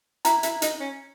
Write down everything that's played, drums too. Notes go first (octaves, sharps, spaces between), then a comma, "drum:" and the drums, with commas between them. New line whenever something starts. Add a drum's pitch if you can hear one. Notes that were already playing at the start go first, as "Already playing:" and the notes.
E4 A#5, drum: hi-hat
E4, drum: hi-hat
D#4, drum: hi-hat
C#4